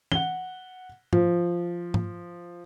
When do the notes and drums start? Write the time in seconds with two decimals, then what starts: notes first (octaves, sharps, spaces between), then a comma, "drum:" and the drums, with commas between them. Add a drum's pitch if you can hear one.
0.12 F#5 G7, drum: tom E3
1.13 F3, drum: tom G#2
1.94 drum: tom G#2